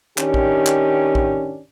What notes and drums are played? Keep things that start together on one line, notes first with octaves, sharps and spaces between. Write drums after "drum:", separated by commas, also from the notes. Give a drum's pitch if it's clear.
D#3 C#4 D4 G4, drum: clap
drum: kick A#1
drum: clap
drum: kick A#1